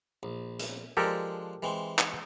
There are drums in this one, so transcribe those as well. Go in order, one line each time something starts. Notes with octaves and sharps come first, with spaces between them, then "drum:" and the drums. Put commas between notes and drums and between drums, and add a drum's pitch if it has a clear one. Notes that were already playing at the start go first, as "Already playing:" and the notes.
A#1
drum: hi-hat
F3 G#3 D4 G4 A4 A#4
E3 G#3 C4
drum: clap